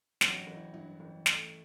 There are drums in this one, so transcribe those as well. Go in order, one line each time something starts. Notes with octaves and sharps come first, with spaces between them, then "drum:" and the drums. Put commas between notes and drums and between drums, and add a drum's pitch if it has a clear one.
A1 F#3 F#4, drum: snare
A1
E4
G2 E4
A1
A3, drum: snare